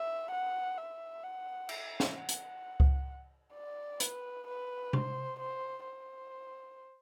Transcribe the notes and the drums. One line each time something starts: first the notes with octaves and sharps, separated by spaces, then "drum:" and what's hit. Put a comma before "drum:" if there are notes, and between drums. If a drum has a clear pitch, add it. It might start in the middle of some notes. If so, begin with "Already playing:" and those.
Already playing: E5
F#5
E5
F#5
E5, drum: cymbal
drum: snare
F#5
drum: hi-hat
drum: kick C#2
D5
B4, drum: hi-hat
B4
C5, drum: tom C3
C5
C5